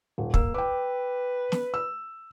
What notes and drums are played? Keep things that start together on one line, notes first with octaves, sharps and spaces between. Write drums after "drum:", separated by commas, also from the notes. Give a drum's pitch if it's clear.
D#1
A#3 E6, drum: kick
B4 G5 D6
drum: snare
E6